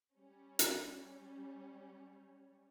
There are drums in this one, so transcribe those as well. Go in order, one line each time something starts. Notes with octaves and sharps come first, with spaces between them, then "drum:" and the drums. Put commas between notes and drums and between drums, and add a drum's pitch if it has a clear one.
G3 C#4
drum: hi-hat